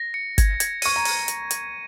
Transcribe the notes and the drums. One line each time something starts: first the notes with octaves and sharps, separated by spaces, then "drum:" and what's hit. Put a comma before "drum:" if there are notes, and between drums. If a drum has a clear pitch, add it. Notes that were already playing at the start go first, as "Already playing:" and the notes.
Already playing: A#6
C#7
G#6, drum: kick G#1, hi-hat
G#6, drum: hi-hat
C#6 D#7, drum: open hi-hat
A#5
drum: open hi-hat
drum: hi-hat
drum: hi-hat